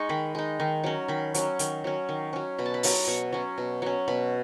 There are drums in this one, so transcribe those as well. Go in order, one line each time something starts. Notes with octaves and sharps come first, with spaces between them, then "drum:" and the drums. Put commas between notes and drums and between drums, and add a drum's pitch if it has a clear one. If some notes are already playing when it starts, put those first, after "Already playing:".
Already playing: G#3 D#4 C#6
D#3 B5
G#3 D#4
D#3
F#3 C#4
D#3 B5
F#3 C#4, drum: hi-hat
D#3, drum: hi-hat
F#3 C#4
D#3
F#3 C#4
B2 B5
A5
B5
F#3 C#4, drum: open hi-hat
B2 C#6
F#3 C#4
B2
F#3 C#4
B2 B5